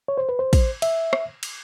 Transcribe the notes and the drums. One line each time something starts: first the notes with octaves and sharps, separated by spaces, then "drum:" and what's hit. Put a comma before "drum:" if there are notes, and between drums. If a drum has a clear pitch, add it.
C#5
C5
B4
C5
drum: kick, cymbal
E5, drum: cymbal
drum: rim click
drum: cymbal